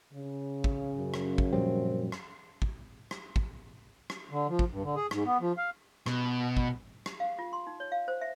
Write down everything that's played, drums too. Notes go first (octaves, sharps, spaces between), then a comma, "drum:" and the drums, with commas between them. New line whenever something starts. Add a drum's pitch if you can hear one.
C#3
drum: kick
F#2
drum: rim click
drum: kick
A#2 F3 G3 C4
drum: rim click
drum: kick
drum: rim click
drum: kick
drum: rim click
D3
F3
drum: kick
G2
D3
G#4
G#2, drum: rim click
B3
F3
F5
B2, drum: rim click
drum: kick
drum: rim click
F5
F4
C6
D#4
C#5
F5
C5
E5